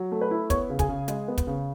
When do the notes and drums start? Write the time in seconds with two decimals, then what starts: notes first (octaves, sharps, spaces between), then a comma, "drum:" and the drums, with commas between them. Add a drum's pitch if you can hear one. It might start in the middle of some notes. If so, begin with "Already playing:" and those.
Already playing: F#3
0.12 A3
0.21 B4
0.31 E4
0.50 B3 C#5, drum: kick, hi-hat
0.70 C#3
0.79 G#4 G#5, drum: kick, hi-hat
0.89 C#3
1.08 G#3, drum: hi-hat
1.28 B3
1.38 drum: kick, hi-hat
1.47 C#3